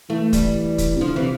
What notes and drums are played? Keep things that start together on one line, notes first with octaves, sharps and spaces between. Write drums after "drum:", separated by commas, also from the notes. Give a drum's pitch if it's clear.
E3 A3
G3, drum: kick, hi-hat
drum: kick, hi-hat
C3
D3 F3
C3 E3